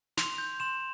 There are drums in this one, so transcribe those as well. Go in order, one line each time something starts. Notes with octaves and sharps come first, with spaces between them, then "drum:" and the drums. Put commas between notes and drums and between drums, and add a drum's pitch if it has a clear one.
C6 F7, drum: snare
G6
C6 E7